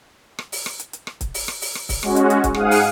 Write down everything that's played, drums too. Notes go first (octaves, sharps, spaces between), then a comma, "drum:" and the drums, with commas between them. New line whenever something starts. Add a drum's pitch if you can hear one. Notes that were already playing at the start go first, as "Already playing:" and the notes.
drum: rim click
drum: open hi-hat
drum: rim click
drum: hi-hat
drum: hi-hat
drum: rim click
drum: kick, hi-hat
drum: open hi-hat
drum: rim click
drum: open hi-hat
drum: rim click
drum: kick, open hi-hat
G#3 C#4 F#4, drum: rim click
drum: hi-hat
drum: hi-hat
drum: kick, hi-hat
G#2 G#4 F5 F#5 D#6, drum: rim click
drum: open hi-hat